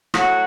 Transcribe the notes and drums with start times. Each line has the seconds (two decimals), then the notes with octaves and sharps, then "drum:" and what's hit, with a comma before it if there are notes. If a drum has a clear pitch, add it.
0.14 A2 F#3 F#4, drum: rim click